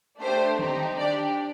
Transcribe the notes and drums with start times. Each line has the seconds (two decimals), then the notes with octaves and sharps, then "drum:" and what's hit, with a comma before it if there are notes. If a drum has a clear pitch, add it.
0.20 A3 D4 G4 C5
0.59 C4 D#4 G4, drum: tom D3
0.98 D4 G4 D5